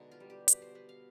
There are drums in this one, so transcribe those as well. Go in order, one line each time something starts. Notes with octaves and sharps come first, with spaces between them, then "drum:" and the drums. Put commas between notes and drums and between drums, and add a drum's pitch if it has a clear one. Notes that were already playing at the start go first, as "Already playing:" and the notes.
Already playing: B2 D3 G#3 D#4
F4
G3
G4
B2 B4, drum: hi-hat
C5
B3 B4
F5